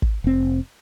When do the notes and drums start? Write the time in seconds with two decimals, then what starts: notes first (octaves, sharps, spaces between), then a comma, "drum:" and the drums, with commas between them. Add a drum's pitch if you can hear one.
0.02 drum: kick
0.24 F1 C4